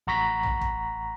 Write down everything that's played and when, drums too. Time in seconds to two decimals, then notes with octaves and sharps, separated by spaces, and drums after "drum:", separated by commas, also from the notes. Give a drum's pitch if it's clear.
0.07 A1 F#5 A#5 C#6 A#6 B6
0.43 drum: tom A#1
0.61 drum: kick